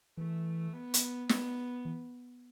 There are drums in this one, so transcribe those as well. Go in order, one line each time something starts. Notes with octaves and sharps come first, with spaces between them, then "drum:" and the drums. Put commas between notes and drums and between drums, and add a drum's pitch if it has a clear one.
E3 A3
B3
drum: hi-hat
B3, drum: snare
E3